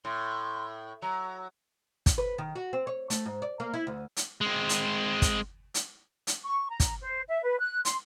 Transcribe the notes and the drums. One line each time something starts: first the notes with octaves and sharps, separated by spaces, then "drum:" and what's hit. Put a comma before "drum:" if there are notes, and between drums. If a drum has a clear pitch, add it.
A2 C6
F#3 A#5
drum: kick, hi-hat
B4
D#3
F#4
C4
C#5
A3, drum: hi-hat
G#2
D5
A#3
E4
D2
drum: hi-hat
G#3 C4
drum: hi-hat
drum: kick, hi-hat
drum: hi-hat
drum: hi-hat
C#6
A#5
drum: kick, hi-hat
C5
E5
B4
F#6
C6, drum: hi-hat